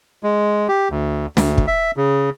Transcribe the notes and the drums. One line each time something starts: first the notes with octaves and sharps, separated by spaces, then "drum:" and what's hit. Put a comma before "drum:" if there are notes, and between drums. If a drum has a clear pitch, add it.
G#3
G4
D2
D2, drum: snare
drum: kick
E5
C#3